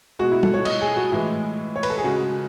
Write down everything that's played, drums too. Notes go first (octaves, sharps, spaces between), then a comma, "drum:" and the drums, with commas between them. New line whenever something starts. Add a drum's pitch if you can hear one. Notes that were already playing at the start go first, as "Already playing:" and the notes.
B2 G#3 F#4
E4
A4, drum: tom
C#5
D#5, drum: cymbal
G#4
F#4
A2 E3 G#3 E4
C#5
B4, drum: cymbal
A4
G#4
C#3 G#3 F#4